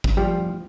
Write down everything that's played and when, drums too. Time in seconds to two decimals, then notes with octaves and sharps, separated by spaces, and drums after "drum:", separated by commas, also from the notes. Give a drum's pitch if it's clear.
0.04 drum: kick
0.17 F3 G3 G4